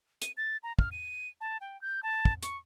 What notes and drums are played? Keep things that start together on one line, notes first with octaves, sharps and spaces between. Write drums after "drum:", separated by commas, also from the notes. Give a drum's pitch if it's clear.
D#7, drum: hi-hat
A6
A#5
F6, drum: kick
D#7
A5
G5
G6
A5
drum: kick
C#6, drum: hi-hat